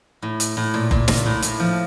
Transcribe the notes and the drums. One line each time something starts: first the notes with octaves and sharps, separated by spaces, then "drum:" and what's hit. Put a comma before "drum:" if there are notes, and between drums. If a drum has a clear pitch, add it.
A2
drum: hi-hat
A2
A#2
A#2, drum: kick F#1
A#2, drum: snare
A2
A2, drum: hi-hat
F3